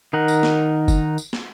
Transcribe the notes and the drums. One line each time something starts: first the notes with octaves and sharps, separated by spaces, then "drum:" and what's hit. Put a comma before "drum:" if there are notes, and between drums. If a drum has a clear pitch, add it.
D#3 D#4 A#4 F#5
drum: tambourine
drum: snare
drum: kick F#1, tambourine
drum: tambourine
drum: snare